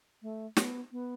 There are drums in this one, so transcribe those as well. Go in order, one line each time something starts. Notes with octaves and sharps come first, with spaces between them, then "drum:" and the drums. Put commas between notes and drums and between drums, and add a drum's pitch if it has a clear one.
A3
B3, drum: snare
B3